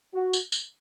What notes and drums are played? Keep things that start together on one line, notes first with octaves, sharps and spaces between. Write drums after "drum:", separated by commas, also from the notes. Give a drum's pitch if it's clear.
F#4
drum: tambourine
drum: tambourine